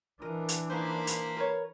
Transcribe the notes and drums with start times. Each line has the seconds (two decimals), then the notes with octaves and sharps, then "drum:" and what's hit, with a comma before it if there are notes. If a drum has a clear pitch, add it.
0.22 E3 D4 A#4 D#5
0.49 drum: hi-hat
0.70 A#3 D#4 C5 B5
1.07 drum: hi-hat
1.36 A#4 B4 C#5